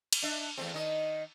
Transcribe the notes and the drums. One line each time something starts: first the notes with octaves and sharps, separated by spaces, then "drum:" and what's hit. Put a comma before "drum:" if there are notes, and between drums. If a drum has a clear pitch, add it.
drum: cymbal
D4 E5
E2 A3 C4
D#3 D#5